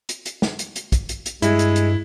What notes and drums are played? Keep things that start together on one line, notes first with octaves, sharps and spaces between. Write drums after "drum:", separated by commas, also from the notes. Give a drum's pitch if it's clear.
drum: hi-hat
drum: hi-hat
drum: snare
drum: hi-hat
drum: hi-hat
drum: kick, hi-hat
drum: hi-hat
drum: hi-hat
G2 G#3 E4, drum: hi-hat
drum: hi-hat
drum: hi-hat